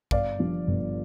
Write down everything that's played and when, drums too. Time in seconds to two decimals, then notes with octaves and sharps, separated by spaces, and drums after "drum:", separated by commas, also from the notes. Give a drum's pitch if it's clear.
0.11 G1 D5 F5, drum: kick
0.39 G2 F3
0.67 G1